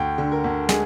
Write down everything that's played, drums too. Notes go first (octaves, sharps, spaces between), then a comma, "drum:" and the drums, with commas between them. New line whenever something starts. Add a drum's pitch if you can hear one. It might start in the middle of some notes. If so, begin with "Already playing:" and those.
Already playing: D2 G5
D3
A#4
D2
G#3 G#4, drum: snare